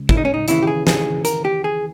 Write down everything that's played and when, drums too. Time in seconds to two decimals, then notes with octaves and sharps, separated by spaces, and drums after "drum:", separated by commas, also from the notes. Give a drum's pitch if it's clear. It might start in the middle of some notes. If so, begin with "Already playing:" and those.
Already playing: C#2
0.09 E4, drum: kick
0.17 D#4
0.25 C#4
0.34 D#4
0.48 D#2 C#3 E3 E4, drum: hi-hat
0.62 G4
0.67 G#4
0.87 G#4, drum: snare
1.25 A#4, drum: hi-hat
1.45 G4
1.64 G#4